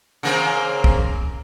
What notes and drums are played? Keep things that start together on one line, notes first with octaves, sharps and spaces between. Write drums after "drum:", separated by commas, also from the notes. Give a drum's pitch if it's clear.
C#3 A#3 C4
drum: kick